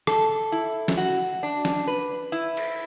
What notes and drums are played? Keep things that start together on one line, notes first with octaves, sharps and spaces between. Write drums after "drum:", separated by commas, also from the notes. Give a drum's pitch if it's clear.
A4, drum: rim click
E4
drum: snare
F#4
D4
drum: snare
B4
E4
drum: cymbal